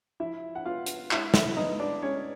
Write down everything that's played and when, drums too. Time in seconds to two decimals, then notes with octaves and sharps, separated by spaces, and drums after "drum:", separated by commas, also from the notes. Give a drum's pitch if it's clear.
0.20 F3 E4 E5
0.55 F#5
0.65 B3 F4 F5
0.86 drum: hi-hat
1.11 G#3 E4 E5, drum: clap
1.34 E4 E5, drum: snare
1.56 B3 D#4 D#5
1.80 D4 D5
2.02 G#3 C#4 C#5